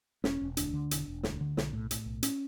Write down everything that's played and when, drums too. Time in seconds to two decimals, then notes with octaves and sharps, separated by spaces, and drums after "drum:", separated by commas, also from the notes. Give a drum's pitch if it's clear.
0.24 E1 C#4, drum: snare
0.42 E1
0.57 D2 D4, drum: hi-hat
0.74 D3
0.91 E1, drum: hi-hat
1.08 E1
1.23 D2, drum: snare
1.41 D3
1.57 B1, drum: snare
1.73 A2
1.91 A2, drum: hi-hat
2.06 B1
2.23 C#4, drum: hi-hat